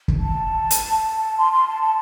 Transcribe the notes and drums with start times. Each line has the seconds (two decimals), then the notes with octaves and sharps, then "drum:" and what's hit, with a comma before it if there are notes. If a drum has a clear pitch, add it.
0.08 drum: kick
0.19 A5
0.71 drum: hi-hat
1.38 C6
1.52 C6
1.67 A5
1.82 A5